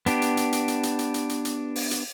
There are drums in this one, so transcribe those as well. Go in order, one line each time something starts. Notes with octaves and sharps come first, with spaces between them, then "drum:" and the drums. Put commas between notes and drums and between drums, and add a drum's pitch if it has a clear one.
B3 D4 G4, drum: hi-hat
drum: hi-hat
drum: hi-hat
drum: hi-hat
drum: hi-hat
drum: hi-hat
drum: hi-hat
drum: hi-hat
drum: hi-hat
drum: hi-hat
drum: open hi-hat
drum: hi-hat